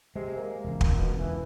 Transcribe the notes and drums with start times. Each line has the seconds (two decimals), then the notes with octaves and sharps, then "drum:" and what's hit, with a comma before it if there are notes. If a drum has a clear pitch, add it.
0.16 C3 G#3
0.37 A#3
0.65 E1 C#2
0.81 drum: kick
0.98 B2
1.20 E3